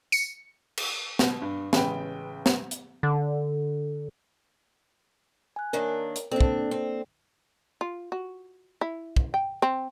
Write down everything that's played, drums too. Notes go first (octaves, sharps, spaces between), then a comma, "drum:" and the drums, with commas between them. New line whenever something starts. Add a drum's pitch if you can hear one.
C#7, drum: tambourine
drum: cymbal
B2, drum: snare
G2
A1 C#3 G#3 B4 G5, drum: snare
drum: snare
drum: hi-hat
D3
G#5 F#6
D#3 A#3 D4 A#4 C#5
drum: hi-hat
A#3 C4 D4 A4 D5
drum: kick
C4
F4
F#4
E4
drum: kick
G5
C4